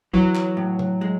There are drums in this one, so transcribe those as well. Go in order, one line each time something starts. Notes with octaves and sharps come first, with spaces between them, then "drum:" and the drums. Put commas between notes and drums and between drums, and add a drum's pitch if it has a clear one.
E3 F#3, drum: kick
drum: clap
A2
drum: tom
G#3